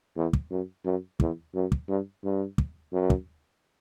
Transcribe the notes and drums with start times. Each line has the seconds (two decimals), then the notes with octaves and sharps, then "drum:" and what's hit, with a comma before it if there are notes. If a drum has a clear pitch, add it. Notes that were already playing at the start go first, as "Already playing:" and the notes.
0.16 E2
0.33 drum: kick
0.50 F#2
0.85 F#2
1.20 E2, drum: kick
1.55 F#2
1.72 drum: kick
1.89 G2
2.24 G2
2.58 drum: kick
2.92 F#2
3.10 drum: kick